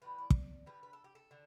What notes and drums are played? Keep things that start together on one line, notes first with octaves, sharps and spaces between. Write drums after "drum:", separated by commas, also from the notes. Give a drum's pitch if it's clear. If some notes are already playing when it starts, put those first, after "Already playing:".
A2 E3 G3 B4
D5
drum: kick
D3 G3 B4
B4
A4
G4
A4
D3